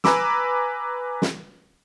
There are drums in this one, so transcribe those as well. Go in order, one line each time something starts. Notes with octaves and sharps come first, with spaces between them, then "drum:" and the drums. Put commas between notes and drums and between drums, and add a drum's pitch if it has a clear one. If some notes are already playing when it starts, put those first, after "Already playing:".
B4 G#5 A#5 B5 D6 E6, drum: snare
drum: snare